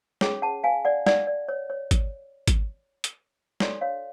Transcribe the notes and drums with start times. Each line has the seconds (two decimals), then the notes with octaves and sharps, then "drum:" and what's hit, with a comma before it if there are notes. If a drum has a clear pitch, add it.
0.21 C#4 G#4 C#5, drum: snare
0.42 F#5 A5
0.64 F5 G#5
0.85 D5 F#5
1.06 D5 F#5, drum: snare
1.27 D5
1.48 C#5
1.70 C#5
1.91 drum: kick G#1, hi-hat
2.48 drum: kick G#1, hi-hat
3.04 drum: hi-hat
3.60 D4 F#4 A4 C#5 D5, drum: snare
3.81 C#5 F5